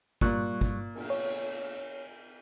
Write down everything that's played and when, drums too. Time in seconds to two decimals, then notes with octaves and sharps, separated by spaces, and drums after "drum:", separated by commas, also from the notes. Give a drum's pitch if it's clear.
0.21 A#2 G3 C#6 F#6, drum: kick
0.61 drum: kick
0.95 drum: cymbal
1.10 C#5